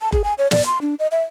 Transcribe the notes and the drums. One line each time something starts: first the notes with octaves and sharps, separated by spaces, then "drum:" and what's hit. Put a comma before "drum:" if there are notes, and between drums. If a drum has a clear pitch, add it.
A5
G#4, drum: kick F#1
G#5
C#5
D5, drum: snare
C6
D4
D#5
E5